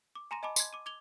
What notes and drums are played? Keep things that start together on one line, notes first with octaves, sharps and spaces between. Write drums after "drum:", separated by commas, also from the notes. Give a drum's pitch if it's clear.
D6
G#5 A#5 C6 A#6 D#7
D#5 G#5 A5 B5 D6
C6 G#6, drum: tambourine
D6 D#7
D6 G#6 F7 G7